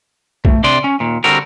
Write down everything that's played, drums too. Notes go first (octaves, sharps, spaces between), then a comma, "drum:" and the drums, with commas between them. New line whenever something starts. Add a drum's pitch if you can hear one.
A3, drum: kick
C3 D4 D5 C6
C#4
D#2 A#2
D3 G3 C4 F#4 A#4